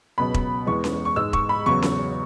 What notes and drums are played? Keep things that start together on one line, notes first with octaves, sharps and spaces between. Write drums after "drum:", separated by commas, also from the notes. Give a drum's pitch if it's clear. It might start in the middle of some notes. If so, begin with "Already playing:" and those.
C#2 B2 F#3 B5
drum: kick E1
E2 E3 G#3 C#6
drum: snare C#4
C#6
G#2 G#3 E6
C#6, drum: kick E1
B5
E2 C#3 F#3 C#6
drum: snare C#4